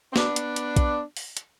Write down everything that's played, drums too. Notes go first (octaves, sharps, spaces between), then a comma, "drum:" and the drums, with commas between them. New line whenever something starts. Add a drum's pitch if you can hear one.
C4
B3 D4, drum: snare
drum: hi-hat
drum: hi-hat
drum: kick A#1, hi-hat
drum: open hi-hat
drum: hi-hat